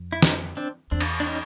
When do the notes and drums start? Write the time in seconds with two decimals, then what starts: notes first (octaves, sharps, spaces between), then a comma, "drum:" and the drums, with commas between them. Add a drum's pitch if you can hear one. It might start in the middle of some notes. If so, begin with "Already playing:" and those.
Already playing: F2
0.12 E4
0.22 C#4 D#4, drum: snare
0.57 C4 D4
0.91 E2 C4 D4
1.00 drum: cymbal
1.20 D4
1.27 C#4 D#4